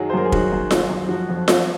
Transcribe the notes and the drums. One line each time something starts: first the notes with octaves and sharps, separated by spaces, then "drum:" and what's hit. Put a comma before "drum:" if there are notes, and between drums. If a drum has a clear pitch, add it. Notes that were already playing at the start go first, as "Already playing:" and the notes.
Already playing: F#2 D#3 F#3 F#4 G#4
C5
F#2 A#4
G#4
D#3 F#4, drum: kick
F#2
D#3, drum: snare F4
F#2
F3 F#4
F2
F2, drum: snare F4